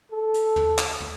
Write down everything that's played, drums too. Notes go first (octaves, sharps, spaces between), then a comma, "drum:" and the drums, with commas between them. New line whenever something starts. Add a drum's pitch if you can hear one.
A4
drum: hi-hat
drum: tom
drum: clap
drum: tom